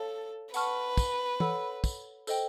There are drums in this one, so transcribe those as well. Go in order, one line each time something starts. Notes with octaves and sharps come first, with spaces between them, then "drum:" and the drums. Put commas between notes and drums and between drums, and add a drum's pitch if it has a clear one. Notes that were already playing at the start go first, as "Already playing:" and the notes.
Already playing: A4 C#5 F5 A5
B4 F#5 A5 C#6 F6, drum: tambourine
drum: kick, tambourine
A4 C#5 F#5 B5 E6, drum: tom
drum: kick, tambourine
A4 C5 D#5 G5, drum: tambourine